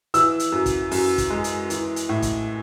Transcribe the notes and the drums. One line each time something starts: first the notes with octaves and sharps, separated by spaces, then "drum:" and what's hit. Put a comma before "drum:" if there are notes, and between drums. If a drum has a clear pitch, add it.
E3 E6, drum: hi-hat
drum: hi-hat
F#2
drum: kick, hi-hat
F#2, drum: open hi-hat
drum: kick, hi-hat
G#3
drum: hi-hat
E3, drum: hi-hat
drum: hi-hat
A2
drum: kick, hi-hat